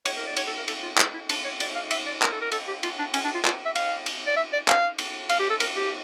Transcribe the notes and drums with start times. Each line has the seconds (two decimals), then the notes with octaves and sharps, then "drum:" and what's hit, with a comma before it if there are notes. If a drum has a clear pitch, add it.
0.05 C#5, drum: cymbal
0.17 A#4
0.27 D5
0.36 C#5, drum: cymbal
0.47 A4
0.57 A#4
0.68 A4, drum: cymbal
0.83 F4
0.98 E4, drum: clap
1.14 E4
1.29 D4, drum: cymbal
1.44 C#5
1.60 D5, drum: cymbal
1.75 F5
1.91 E5, drum: cymbal
2.06 D5
2.22 A#4, drum: clap
2.32 A4
2.41 A#4
2.52 A4, drum: cymbal
2.68 G4
2.83 F4, drum: cymbal
2.99 D4
3.14 C#4, drum: cymbal
3.24 D4
3.34 F4
3.45 F4, drum: clap
3.65 E5
3.75 F5, drum: cymbal
4.06 drum: cymbal
4.26 D5
4.36 E5
4.53 D5
4.68 F5, drum: clap
4.98 drum: cymbal
5.29 F5, drum: cymbal
5.39 G4
5.50 A4
5.60 A#4, drum: cymbal
5.76 G4